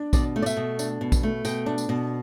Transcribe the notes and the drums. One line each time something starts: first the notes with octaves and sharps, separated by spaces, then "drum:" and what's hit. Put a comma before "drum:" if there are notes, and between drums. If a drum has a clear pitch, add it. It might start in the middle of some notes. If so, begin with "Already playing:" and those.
Already playing: D4
B2 D5, drum: kick A#1, tambourine
A3
D5
E5, drum: tambourine
B2
D4, drum: tambourine
B2
drum: kick A#1, tambourine
A3
B2 G5, drum: tambourine
D4
drum: tambourine
B2